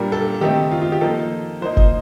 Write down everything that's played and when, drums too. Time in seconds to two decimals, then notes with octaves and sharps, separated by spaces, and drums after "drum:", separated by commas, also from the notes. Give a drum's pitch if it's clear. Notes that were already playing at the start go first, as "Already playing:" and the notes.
Already playing: A#2 G3 D4 A#4
0.12 A4
0.41 D#3 A3 C4 D#4 G4
0.71 F4
0.82 F4
0.92 G4
1.01 F3 A#3 D#4 A4
1.61 F3 A#3 D#4 C5
1.77 D#5, drum: kick F#1